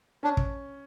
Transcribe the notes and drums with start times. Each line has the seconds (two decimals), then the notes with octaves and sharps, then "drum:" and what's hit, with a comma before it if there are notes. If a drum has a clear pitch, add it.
0.23 C#4 D4
0.37 drum: kick